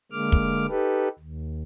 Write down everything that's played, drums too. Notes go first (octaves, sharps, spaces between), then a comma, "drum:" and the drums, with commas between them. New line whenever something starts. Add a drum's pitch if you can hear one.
D3 G#3 A#3 D6 F6
drum: kick
D#4 G4 A4 B4
D#2